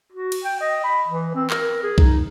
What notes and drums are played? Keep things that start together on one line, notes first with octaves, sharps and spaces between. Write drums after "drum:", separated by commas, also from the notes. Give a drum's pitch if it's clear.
F#4
drum: cymbal
G5
D#5
B5
E3
C4
A#4, drum: clap
G#4
D#4, drum: kick B1